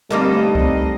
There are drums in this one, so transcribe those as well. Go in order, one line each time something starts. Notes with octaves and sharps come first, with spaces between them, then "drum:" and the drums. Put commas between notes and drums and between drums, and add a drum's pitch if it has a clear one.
D2 G2 G3 A#3 C4 D#4 A4 D#5
C4 D#5, drum: kick C2